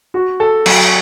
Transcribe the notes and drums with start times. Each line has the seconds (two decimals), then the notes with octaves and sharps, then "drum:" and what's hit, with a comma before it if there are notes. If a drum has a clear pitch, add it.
0.14 F#4
0.40 A4
0.66 F#3, drum: cymbal